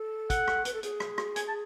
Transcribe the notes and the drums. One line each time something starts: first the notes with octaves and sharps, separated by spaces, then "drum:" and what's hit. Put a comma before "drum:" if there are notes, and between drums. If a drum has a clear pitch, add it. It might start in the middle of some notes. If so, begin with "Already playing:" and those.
Already playing: A4
F#5, drum: kick, hi-hat
drum: rim click
B4, drum: hi-hat
A4
G#4, drum: hi-hat
drum: rim click
drum: rim click
G#5, drum: hi-hat
A5